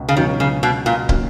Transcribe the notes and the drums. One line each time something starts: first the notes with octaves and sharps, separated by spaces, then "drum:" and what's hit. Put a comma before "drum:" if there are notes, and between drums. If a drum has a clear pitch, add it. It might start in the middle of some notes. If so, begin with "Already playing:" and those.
Already playing: C#2 B2 C#4
C#3
C#2 B2 D#3 F#3 C#4
C#3
B2
A#2
D#3 F#3 A#3 C#4, drum: kick